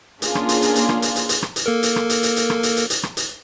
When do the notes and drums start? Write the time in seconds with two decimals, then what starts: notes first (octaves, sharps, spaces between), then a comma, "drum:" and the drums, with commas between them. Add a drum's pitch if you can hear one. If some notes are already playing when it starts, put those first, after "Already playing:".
0.22 A#3 C#4 D4 F4 G#4, drum: hi-hat
0.35 drum: rim click
0.49 drum: hi-hat
0.62 drum: hi-hat
0.75 drum: hi-hat
0.89 drum: rim click
1.02 drum: hi-hat
1.16 drum: hi-hat
1.29 drum: hi-hat
1.42 drum: rim click
1.56 drum: hi-hat
1.66 A#3 A4 A#4
1.83 drum: hi-hat
1.96 drum: rim click
2.10 drum: hi-hat
2.23 drum: hi-hat
2.36 drum: hi-hat
2.50 drum: rim click
2.63 drum: hi-hat
2.77 drum: hi-hat
2.90 drum: hi-hat
3.03 drum: rim click
3.17 drum: hi-hat